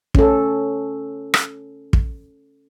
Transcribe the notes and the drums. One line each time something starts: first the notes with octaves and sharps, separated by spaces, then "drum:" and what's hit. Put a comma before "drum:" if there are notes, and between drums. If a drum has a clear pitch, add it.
C#4 A4, drum: kick
drum: rim click
drum: kick